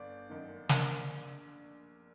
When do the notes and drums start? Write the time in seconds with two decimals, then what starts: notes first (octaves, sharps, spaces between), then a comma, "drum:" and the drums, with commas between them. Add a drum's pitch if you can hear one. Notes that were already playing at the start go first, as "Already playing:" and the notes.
Already playing: G1 D5
0.30 F#2 D#3
0.69 A#1 A#4, drum: snare